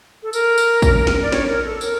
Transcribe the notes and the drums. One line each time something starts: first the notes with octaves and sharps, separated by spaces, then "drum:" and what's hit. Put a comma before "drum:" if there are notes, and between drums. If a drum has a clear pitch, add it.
A4
A#4, drum: tambourine
drum: tambourine
drum: kick A1, tambourine
drum: snare
D5
C#5, drum: snare
A#4
A4
A#4, drum: tambourine